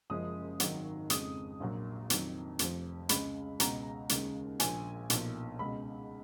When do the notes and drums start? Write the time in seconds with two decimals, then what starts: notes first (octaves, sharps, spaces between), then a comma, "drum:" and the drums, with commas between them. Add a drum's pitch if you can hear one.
0.10 F#1 F#2 F3 G#3 D#6
0.60 G#1 G#2 D#3 F#3, drum: hi-hat
1.10 F2 C#3 G#3 D#6, drum: hi-hat
1.60 A#1 A#2 F#3
2.10 F2 D#3 F#3, drum: hi-hat
2.59 F1 F2 F3, drum: hi-hat
3.09 C#2 C#3 G#3 B5, drum: hi-hat
3.60 C#2 B2 G#3 A#5, drum: hi-hat
4.09 D#2 C#3 G#3, drum: hi-hat
4.60 A#1 A#2 F3 G#5, drum: hi-hat
5.10 B1 A#2 F3, drum: hi-hat
5.59 C#2 B2 G#3 B5